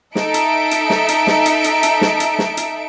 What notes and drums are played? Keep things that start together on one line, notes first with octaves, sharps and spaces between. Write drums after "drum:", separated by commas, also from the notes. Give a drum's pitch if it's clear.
D#4 A4 E5 D7, drum: snare
drum: hi-hat
drum: hi-hat
drum: snare
drum: hi-hat
drum: snare
drum: hi-hat
drum: hi-hat
drum: hi-hat
drum: snare
drum: hi-hat
drum: snare
drum: hi-hat